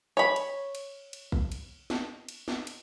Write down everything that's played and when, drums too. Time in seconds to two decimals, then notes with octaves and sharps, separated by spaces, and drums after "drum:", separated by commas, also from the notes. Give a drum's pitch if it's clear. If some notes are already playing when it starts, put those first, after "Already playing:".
0.17 C#5 B5
0.36 drum: cymbal
0.75 drum: cymbal
1.13 drum: cymbal
1.32 drum: kick
1.52 drum: cymbal
1.90 drum: snare
2.29 drum: cymbal
2.48 drum: snare
2.67 drum: cymbal